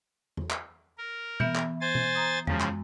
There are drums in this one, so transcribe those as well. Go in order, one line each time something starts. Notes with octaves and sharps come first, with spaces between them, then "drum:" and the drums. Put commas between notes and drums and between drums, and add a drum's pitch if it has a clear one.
drum: tom E2
drum: clap
A#4
E3 B3 E5, drum: tom B2
drum: clap
C5 G#5 A6
drum: tom B2
A#5 D#6
F#2 C#3 F3 G#3, drum: tom E2
drum: clap